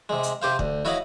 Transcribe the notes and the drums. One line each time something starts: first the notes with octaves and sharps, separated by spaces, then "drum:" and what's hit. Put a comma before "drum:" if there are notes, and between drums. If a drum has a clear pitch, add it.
C3 G#3
drum: hi-hat
C3 G4 C5 F5
D2, drum: kick
E4 F#4 C#5 D#5 F5 F#5